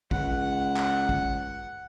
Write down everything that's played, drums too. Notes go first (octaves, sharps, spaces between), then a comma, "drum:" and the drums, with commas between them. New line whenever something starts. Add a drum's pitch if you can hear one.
C#2 F#5, drum: kick
drum: clap
drum: kick